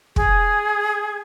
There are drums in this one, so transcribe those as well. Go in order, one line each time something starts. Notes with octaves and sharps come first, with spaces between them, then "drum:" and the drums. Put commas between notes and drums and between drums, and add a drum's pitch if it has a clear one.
G#4, drum: kick